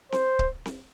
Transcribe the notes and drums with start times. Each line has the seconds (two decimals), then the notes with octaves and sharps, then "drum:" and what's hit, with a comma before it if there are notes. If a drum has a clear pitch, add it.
0.12 C5, drum: snare C4
0.39 drum: kick C#1
0.66 drum: snare C4